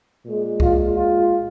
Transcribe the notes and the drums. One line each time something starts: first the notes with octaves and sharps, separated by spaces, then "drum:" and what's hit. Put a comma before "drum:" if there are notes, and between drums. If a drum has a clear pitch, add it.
A#2 G#3
F4, drum: kick C2
F4